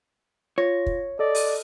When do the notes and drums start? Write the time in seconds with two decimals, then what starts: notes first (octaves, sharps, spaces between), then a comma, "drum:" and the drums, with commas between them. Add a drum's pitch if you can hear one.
0.58 F4 C#5 A#6
0.86 drum: kick
1.19 A4 D5 D#5
1.35 drum: open hi-hat